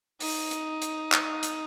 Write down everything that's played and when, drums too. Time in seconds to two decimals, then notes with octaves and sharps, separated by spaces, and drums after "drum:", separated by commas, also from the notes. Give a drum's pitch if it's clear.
0.20 D#4, drum: open hi-hat
0.51 drum: hi-hat
0.82 drum: hi-hat
1.12 drum: clap
1.43 drum: hi-hat